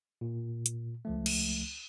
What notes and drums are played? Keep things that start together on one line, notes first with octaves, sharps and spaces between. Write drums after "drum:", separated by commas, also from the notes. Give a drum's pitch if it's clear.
A#2
drum: hi-hat
C#2 F3 A3
drum: cymbal